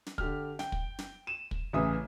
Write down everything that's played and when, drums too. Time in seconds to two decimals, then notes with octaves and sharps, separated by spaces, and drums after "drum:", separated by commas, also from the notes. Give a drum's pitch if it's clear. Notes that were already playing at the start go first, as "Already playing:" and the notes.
0.06 drum: snare
0.18 D3 G4 F6, drum: kick
0.59 G5, drum: snare
0.72 drum: kick
0.99 drum: snare
1.27 D#7 E7
1.51 drum: kick
1.73 A1 C#3 E3 E5 D#6